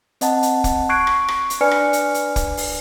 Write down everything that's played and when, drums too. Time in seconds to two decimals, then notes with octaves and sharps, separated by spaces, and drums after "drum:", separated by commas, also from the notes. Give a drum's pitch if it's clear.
0.21 C4 D#5 F#5 A5, drum: hi-hat
0.43 drum: hi-hat
0.64 drum: kick, hi-hat
0.89 C#6 F#6 G#6 C7 D7
1.07 drum: rim click
1.28 drum: rim click
1.50 drum: hi-hat
1.61 D4 B4 D5 G#5 F6 C#7
1.71 drum: rim click
1.93 drum: hi-hat
2.14 drum: hi-hat
2.36 drum: kick, hi-hat
2.57 drum: open hi-hat